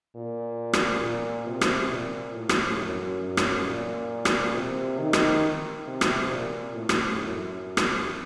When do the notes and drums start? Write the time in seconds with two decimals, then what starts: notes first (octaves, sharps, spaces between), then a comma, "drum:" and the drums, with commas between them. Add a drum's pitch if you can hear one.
0.15 A#2
0.73 drum: rim click
1.02 A#2
1.47 C3
1.61 drum: rim click
1.91 A#2
2.35 A2
2.49 drum: rim click
2.78 F#2
3.22 F#2
3.37 drum: rim click
3.66 A#2
4.25 drum: rim click
4.55 C3
4.99 D#3
5.13 drum: rim click
5.87 C3
6.01 drum: rim click
6.31 A#2
6.75 A2
6.89 drum: rim click
7.19 F#2
7.77 drum: rim click